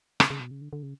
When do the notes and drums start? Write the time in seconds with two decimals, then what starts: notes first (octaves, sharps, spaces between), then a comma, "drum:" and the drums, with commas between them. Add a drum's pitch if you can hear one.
0.20 C#3, drum: rim click
0.30 C#3
0.40 B2
0.51 C#3
0.61 D3
0.73 D3
0.83 C#3